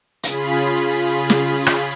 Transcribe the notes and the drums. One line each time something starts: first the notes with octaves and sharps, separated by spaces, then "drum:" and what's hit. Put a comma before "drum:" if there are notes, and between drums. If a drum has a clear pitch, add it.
C#3 F4 G#4 B5 B6, drum: hi-hat
drum: snare
drum: rim click